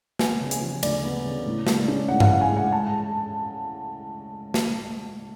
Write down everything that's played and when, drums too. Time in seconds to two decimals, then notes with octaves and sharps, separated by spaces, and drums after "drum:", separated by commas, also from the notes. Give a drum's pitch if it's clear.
0.19 B3 G#5, drum: snare
0.41 C#3
0.51 G#5, drum: hi-hat
0.61 F3
0.83 D2 D5, drum: cymbal
1.04 B3
1.25 C#3
1.46 A2
1.67 G#3, drum: snare
1.88 C#4
2.08 A2 F#5
2.20 F5, drum: tom G2
2.25 F#5
2.30 A2
2.41 G#5
2.51 G#3
2.57 F#5
2.72 A5
4.54 drum: snare